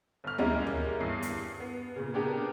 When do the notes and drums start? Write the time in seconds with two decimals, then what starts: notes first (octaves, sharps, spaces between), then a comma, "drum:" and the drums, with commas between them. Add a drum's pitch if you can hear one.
0.24 G1 F6
0.38 G3 G#3 A#3 C#4 E4 A#4, drum: tom
0.67 drum: tom
1.01 E2 G2 C7
1.22 drum: hi-hat
1.60 B3
1.96 A#2 C#3
2.14 C#3 B3 D4 G4 G#4 A#4